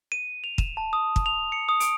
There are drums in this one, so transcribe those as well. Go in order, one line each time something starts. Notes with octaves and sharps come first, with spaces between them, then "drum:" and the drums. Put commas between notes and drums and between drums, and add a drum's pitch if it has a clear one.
D#7
F7
E7, drum: kick
A5
D#6
drum: kick
F7
C#7
D#6
D7, drum: hi-hat